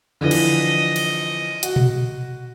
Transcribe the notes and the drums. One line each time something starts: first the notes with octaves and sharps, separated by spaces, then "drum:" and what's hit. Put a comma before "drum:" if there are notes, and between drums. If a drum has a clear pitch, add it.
D3 E3 F3 D#5
drum: cymbal
drum: cymbal
F#4, drum: hi-hat
drum: tom A#2